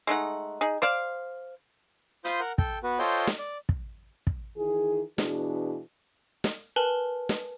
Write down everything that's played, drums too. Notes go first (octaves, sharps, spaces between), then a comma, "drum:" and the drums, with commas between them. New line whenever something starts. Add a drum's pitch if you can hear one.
G#3 A3 D#4 F#5
D#4 G#4
C5 D5 F5, drum: rim click
F4 C5 B5 C6 D#6 G6, drum: hi-hat
A#4 F#5
A4 G5, drum: kick
B3 F#4 B4
F4 A4 C5 C#5 D#5 G5
drum: snare
D5
drum: kick
drum: kick
D#3 E3 G#4
B2 E3 D4 G#4, drum: snare
drum: snare
A#4 B4 G#5 A5 F#7 G7
drum: snare